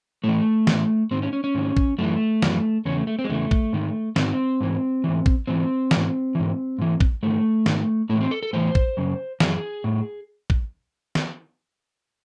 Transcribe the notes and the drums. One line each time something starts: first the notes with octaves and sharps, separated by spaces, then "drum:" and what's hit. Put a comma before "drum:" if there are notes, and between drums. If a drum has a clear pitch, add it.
A2 E3 A3
E3, drum: snare
A2
G#2 D#3 C4
C#4
C#4
C#4
G#2 D#3
drum: kick
F#2 E3 A3
F#2 E3, drum: snare
E2 C#3 C#4
A3
A3
C4
G#3
E2 C#3 E3 A3
drum: kick
G#2 D#3
G#2 D#3 C4, drum: snare
G#2 E3
G#2 E3
drum: kick
G#2 E3 C4
G#2 E3, drum: snare
G#2 E3
G#2 E3
drum: kick
G#2 D#3 A3
G#2 D#3, drum: snare
A2 E3 A3
C4
A4
A4
A2 E3 C5
drum: kick
F#2 C#3
F#2 C#3 E3 G#4, drum: snare
A2
drum: kick
drum: snare